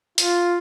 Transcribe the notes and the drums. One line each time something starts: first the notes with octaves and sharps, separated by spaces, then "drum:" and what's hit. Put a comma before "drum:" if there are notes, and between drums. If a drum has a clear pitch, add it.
F4, drum: hi-hat